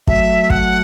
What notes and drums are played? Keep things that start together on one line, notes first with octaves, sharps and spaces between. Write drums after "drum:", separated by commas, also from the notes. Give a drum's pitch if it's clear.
F#3 A3 E5, drum: kick
F#5, drum: kick